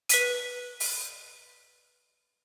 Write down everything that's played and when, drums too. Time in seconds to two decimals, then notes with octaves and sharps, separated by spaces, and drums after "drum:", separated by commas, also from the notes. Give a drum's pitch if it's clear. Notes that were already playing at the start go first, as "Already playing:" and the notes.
0.09 B4 B6 D#7, drum: hi-hat
0.80 drum: open hi-hat